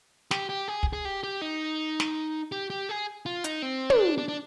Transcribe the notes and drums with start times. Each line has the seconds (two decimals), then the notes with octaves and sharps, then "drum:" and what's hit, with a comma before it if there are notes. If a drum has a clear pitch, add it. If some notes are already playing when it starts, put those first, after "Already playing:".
0.31 G4, drum: snare
0.49 G4
0.68 G#4
0.83 drum: kick
0.93 G#4
1.05 G4
1.23 G4
1.41 D#4
2.00 drum: snare
2.52 G4
2.70 G4
2.89 G#4
3.26 F4
3.44 D#4, drum: hi-hat
3.62 C4
3.90 D4, drum: tom
4.18 D4
4.28 D4